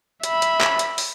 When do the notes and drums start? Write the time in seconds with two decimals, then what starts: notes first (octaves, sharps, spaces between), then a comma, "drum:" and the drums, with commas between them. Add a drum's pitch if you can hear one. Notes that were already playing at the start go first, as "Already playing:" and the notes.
0.23 E5 B5, drum: hi-hat
0.42 drum: hi-hat
0.61 drum: clap
0.79 drum: hi-hat
0.98 drum: open hi-hat